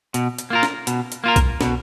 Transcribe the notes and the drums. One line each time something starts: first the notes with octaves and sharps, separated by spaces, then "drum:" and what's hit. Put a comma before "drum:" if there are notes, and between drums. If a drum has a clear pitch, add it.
B2, drum: hi-hat
drum: hi-hat
A#3 F4 A#4
drum: snare
B2, drum: hi-hat
drum: hi-hat
A#3 F4 A#4
drum: kick B1, hi-hat
B2, drum: snare